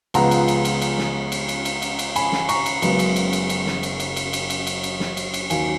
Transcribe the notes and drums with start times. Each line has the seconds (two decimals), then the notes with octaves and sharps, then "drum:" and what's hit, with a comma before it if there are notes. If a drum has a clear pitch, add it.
0.14 C#2 C#3 F3 G#3 B3 F#5 A#5, drum: cymbal
0.31 drum: cymbal
0.48 drum: cymbal
0.65 drum: cymbal
0.82 drum: cymbal
0.98 drum: snare
1.32 drum: cymbal
1.49 drum: cymbal
1.65 drum: cymbal
1.82 drum: cymbal
1.99 drum: cymbal
2.16 G#5 B5, drum: cymbal
2.32 drum: snare
2.49 A#5 C#6, drum: cymbal
2.66 drum: cymbal
2.82 F#1 F#2 C#3 G#3 B3, drum: cymbal
2.99 drum: cymbal
3.16 drum: cymbal
3.33 drum: cymbal
3.49 drum: cymbal
3.66 drum: snare
3.83 drum: cymbal
4.00 drum: cymbal
4.16 drum: cymbal
4.33 drum: cymbal
4.50 drum: cymbal
4.67 drum: cymbal
4.83 drum: cymbal
5.00 drum: snare
5.17 drum: cymbal
5.34 drum: cymbal
5.50 D#2 D#3 F#3 F5 G#5, drum: cymbal